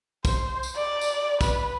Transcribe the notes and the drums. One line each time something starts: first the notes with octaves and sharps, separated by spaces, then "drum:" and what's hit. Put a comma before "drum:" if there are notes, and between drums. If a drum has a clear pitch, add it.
C5, drum: kick, tambourine
drum: tambourine
D5
drum: tambourine
B4, drum: kick, tambourine